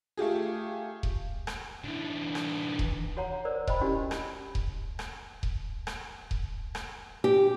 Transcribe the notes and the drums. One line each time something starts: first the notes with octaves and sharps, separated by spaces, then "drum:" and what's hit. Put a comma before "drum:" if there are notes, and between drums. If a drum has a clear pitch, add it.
A3 F4 G4 G#4
drum: kick D#1
drum: rim click
D3 E3
drum: rim click
drum: kick D#1
F#4 C#5 F#5 A#5
A#4 C5 D5
C5 D#5 G5 B5, drum: kick D#1
C#4 D4 E4 F#4 G4
drum: rim click
drum: kick D#1
drum: rim click
drum: kick D#1
drum: rim click
drum: kick D#1
drum: rim click
G4